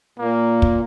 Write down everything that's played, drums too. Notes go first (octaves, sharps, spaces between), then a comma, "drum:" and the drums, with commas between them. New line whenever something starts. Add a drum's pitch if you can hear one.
A#2 A#3
drum: kick